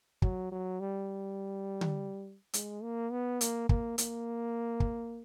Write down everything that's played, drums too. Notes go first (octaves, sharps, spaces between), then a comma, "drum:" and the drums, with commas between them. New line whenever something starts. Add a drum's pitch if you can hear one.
F#3, drum: kick
F#3
G3
drum: tom D3
G#3, drum: hi-hat
A#3
B3
A#3, drum: hi-hat
A#3, drum: kick
A#3, drum: hi-hat
drum: kick